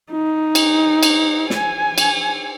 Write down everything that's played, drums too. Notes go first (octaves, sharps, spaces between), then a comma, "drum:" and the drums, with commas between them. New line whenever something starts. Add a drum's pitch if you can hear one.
D#4
drum: cymbal
drum: cymbal
G#5, drum: snare
drum: cymbal